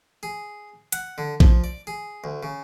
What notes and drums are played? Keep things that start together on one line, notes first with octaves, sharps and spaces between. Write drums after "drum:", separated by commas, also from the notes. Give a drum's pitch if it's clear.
G#4
F#5, drum: hi-hat
D3
F3, drum: kick A#1
D5
G#4
D2
C#3